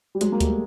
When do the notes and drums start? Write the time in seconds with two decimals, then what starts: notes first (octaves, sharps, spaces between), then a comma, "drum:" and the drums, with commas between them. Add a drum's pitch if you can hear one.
0.15 G3
0.21 F#3 G#3, drum: hi-hat
0.32 A#3
0.40 G3 A3, drum: kick D2, hi-hat